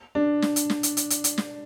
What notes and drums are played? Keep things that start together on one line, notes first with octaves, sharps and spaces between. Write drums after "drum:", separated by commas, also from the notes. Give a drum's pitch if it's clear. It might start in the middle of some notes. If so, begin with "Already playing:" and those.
D4
drum: snare
drum: hi-hat
drum: snare
drum: hi-hat
drum: hi-hat
drum: hi-hat
drum: hi-hat
drum: snare